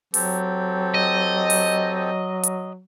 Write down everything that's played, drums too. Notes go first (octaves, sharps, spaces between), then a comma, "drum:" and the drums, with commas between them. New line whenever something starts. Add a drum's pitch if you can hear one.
F#3 C4 G4 A4, drum: open hi-hat
D#5
drum: open hi-hat
drum: hi-hat